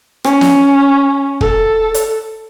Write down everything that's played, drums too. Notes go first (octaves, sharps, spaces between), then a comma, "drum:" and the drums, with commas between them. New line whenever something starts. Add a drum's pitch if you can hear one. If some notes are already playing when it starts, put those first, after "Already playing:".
C#4, drum: rim click
drum: snare
A4, drum: kick
drum: hi-hat